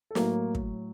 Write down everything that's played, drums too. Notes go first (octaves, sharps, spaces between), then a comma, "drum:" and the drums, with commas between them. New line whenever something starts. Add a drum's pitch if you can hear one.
A4
A2 F#3 A#3 A#4, drum: snare
drum: kick